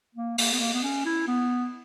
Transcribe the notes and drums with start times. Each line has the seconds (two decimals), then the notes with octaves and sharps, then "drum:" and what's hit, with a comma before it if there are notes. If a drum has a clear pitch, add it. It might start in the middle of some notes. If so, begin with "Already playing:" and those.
0.15 A#3
0.38 A#3, drum: open hi-hat
0.53 B3
0.60 A#3
0.74 B3
0.83 C#4
1.05 E4
1.28 B3